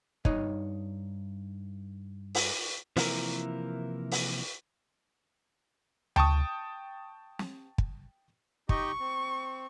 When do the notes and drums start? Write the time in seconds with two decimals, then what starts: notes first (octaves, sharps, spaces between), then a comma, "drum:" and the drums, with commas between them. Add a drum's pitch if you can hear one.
0.25 G2 D#4 C#5 D#5, drum: kick
2.35 drum: open hi-hat
2.97 C3 E3 F3 A#3 E4 A#4, drum: open hi-hat
4.12 drum: open hi-hat
6.16 G5 A5 C#6 D#6, drum: tom D2
7.39 drum: snare
7.78 drum: kick
8.69 D#4 G4 D#5 C#6, drum: kick
9.00 C4